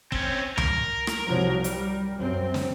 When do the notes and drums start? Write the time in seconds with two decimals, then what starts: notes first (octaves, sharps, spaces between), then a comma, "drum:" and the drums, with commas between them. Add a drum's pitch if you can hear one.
0.12 C4 C#4, drum: kick
0.57 A#4, drum: tom C#2
1.07 drum: rim click
1.25 C2 F3 F#3
1.64 G3, drum: hi-hat
2.17 F#2 C4
2.54 drum: snare